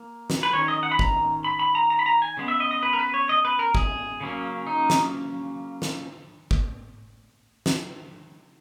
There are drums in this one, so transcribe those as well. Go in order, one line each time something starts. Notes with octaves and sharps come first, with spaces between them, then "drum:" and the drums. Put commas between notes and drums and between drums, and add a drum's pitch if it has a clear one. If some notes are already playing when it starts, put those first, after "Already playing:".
Already playing: A#3
drum: snare
B4
D#3 G#3 C#4 C#5
D#5
F#5
B5
A#5, drum: kick
B5
B5
A#5
A#5
B5
A#5
G#5
C#3 G#3 B3
E5
D#5
D#5
B4
A#4
B4
C#5
D#5
B4
A#4
G#4, drum: kick
C#3 F#3 A#3 C#4
D#4
drum: snare
drum: snare
drum: kick
drum: snare